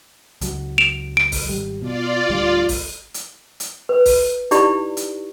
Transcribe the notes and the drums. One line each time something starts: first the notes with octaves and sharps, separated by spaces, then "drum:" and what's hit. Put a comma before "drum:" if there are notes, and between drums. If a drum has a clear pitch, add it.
C#2 F#3, drum: hi-hat
D7 E7 F7
D7
drum: kick, open hi-hat
G#1 G3
B2 F4 D5
D1 D2 G3
drum: kick, open hi-hat
drum: hi-hat
drum: hi-hat
B4
drum: kick, open hi-hat
D#4 E4 G4 D5 B5 C#6, drum: hi-hat
drum: hi-hat